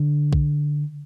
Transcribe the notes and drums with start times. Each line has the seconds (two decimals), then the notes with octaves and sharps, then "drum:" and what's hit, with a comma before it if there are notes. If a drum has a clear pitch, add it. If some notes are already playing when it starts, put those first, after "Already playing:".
Already playing: D3
0.33 drum: kick B1